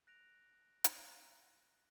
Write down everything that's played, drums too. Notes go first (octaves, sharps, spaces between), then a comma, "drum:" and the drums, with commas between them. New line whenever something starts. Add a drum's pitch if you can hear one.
F#6 A#6 D7 F7
drum: hi-hat